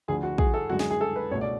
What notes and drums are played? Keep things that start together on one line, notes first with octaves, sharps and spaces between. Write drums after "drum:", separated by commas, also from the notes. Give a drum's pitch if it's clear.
D2 D3 F3 G#4
F#4
G#4, drum: kick
A4
F#2 D3 G#3 F#4
G#4, drum: snare
G#4
A4
B4
C#2 B2 A3 D4 C#5
D5